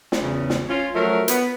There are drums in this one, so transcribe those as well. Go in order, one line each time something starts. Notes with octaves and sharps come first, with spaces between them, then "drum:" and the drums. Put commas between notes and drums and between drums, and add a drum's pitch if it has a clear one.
drum: snare
E2 C#3
drum: snare
C#4 F4
F3 F#3 A3 A#4
B3, drum: hi-hat